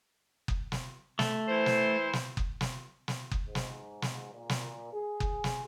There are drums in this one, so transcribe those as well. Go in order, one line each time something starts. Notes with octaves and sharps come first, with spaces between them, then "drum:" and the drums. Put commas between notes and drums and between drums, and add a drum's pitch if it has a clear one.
drum: kick F#1
drum: snare
A3, drum: snare
E3 C5
drum: snare
drum: snare
drum: kick F#1
drum: snare
drum: snare
drum: kick F#1
G#2
drum: snare
drum: snare
A#2
drum: snare
G#4
drum: kick F#1
drum: snare